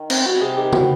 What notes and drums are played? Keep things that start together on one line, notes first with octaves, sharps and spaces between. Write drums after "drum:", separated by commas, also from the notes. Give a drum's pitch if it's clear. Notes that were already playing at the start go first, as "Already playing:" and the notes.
Already playing: D#3
B3 C4, drum: cymbal
G3 F#4
C3 G#4
D#3 G4
B3 F#4, drum: tom C#3